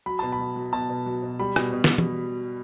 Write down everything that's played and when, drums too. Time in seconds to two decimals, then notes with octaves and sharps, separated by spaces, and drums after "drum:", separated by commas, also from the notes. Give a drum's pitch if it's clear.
0.06 F#3 B5
0.19 B2 A5
0.32 B5
0.39 F#3
0.56 F#3
0.72 B2 A5
0.90 B2
1.06 F#3
1.23 B2
1.39 G3 B5
1.56 B2, drum: rim click
1.73 B2
1.84 drum: snare
1.98 drum: tom